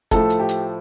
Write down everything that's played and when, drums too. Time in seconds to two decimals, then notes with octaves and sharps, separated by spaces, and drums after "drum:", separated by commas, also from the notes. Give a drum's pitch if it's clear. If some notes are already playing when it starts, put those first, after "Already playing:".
0.11 A2 F3 A3 A4, drum: kick, hi-hat
0.30 drum: hi-hat
0.40 G4
0.49 drum: hi-hat